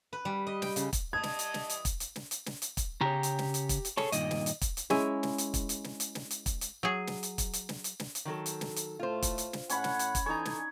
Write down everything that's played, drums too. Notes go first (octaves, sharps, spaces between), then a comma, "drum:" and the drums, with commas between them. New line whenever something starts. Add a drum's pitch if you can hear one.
B4
G3
D#5
G5, drum: snare
C#3, drum: hi-hat
drum: kick, hi-hat
E3 G3 D#5 A5 D#6 G#6
drum: snare
drum: hi-hat
drum: snare
drum: hi-hat
drum: kick, hi-hat
drum: hi-hat
drum: snare
drum: hi-hat
drum: snare
drum: hi-hat
drum: kick, hi-hat
C#3 G4 C#5 A#5
drum: hi-hat
drum: snare
drum: hi-hat
drum: kick, hi-hat
drum: hi-hat
G#4 A4 C#5, drum: snare
G2 A#2 D#3 D#5, drum: hi-hat
drum: snare
drum: hi-hat
drum: kick, hi-hat
drum: hi-hat
G#3 C#4 E4, drum: snare
drum: snare
drum: hi-hat
drum: kick, hi-hat
drum: hi-hat
drum: snare
drum: hi-hat
drum: snare
drum: hi-hat
drum: kick, hi-hat
drum: hi-hat
F#3 G#4
drum: snare
drum: hi-hat
drum: kick, hi-hat
drum: hi-hat
drum: snare
drum: hi-hat
drum: snare
drum: hi-hat
D#3 F#3 A4
drum: hi-hat
drum: snare
drum: hi-hat
A2 A3 F4 C5
drum: kick, hi-hat
drum: hi-hat
drum: snare
A2 C#4 C#5 F#5 B5, drum: hi-hat
drum: snare
drum: hi-hat
drum: kick, hi-hat
E3 D4 D#4 A4 C#5 G#5 A#5
drum: snare